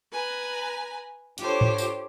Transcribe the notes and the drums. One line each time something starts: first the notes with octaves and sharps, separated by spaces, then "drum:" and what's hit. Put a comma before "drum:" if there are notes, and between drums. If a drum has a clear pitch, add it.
B4 G#5 A#5
D4 F4 G4 A4 C5 C#5, drum: hi-hat
drum: tom G#2
drum: tambourine